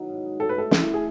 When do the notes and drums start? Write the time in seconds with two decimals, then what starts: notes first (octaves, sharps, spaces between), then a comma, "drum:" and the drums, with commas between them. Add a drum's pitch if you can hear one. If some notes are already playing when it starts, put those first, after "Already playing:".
Already playing: B2 D#3 F#3
0.09 G#2
0.25 G#3
0.40 A3 A4
0.49 B4
0.56 A3 A4
0.71 E3, drum: snare
0.88 A3
0.94 G#4